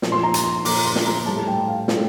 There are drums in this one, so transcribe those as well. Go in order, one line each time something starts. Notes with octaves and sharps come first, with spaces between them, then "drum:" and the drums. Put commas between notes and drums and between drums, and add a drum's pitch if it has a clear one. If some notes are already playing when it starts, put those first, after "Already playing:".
A#2 F3, drum: snare
C6
A#5
drum: hi-hat
C6
A#2 F3 D6, drum: open hi-hat
C6
drum: snare
A#5
A2 G3 A5
G5
F5
A2 G3, drum: snare